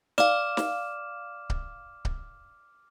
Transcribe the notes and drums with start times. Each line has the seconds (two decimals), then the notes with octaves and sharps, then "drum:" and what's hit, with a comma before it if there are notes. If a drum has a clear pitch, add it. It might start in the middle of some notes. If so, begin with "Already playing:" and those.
0.18 D5 F5 D6 F6 E7, drum: snare
0.57 drum: snare
1.50 drum: kick C#1
2.05 drum: kick C#1